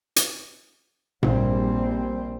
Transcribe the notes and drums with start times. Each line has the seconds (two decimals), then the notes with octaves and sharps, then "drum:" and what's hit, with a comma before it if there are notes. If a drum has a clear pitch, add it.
0.16 drum: hi-hat
1.23 A#1 G3 C4, drum: tom G#2